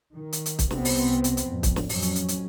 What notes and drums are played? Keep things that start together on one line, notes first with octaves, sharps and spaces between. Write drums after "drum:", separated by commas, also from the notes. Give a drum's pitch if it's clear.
D#3
drum: hi-hat
drum: hi-hat
drum: kick, hi-hat
C2 C3 B3 C4, drum: snare
drum: open hi-hat
drum: hi-hat
drum: hi-hat
F2 A2
drum: kick, hi-hat
drum: snare
F2 F#3 C#4, drum: open hi-hat
drum: hi-hat
drum: hi-hat
drum: hi-hat